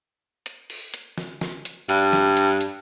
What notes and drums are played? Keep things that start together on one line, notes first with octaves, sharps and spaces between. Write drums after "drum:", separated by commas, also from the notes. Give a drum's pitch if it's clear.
drum: hi-hat
drum: open hi-hat
drum: hi-hat
drum: snare
drum: snare
drum: hi-hat
G2, drum: hi-hat
drum: snare
drum: hi-hat
drum: hi-hat